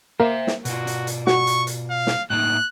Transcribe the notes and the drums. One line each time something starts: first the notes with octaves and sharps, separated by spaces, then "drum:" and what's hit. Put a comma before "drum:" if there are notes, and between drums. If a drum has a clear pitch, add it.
A#3 A#4 C5 E5
drum: snare
B2 F4 F#4, drum: hi-hat
drum: hi-hat
drum: hi-hat
F#4 C#6, drum: snare
drum: hi-hat
drum: hi-hat
F5
drum: snare
A2 A#3 D#4 F#6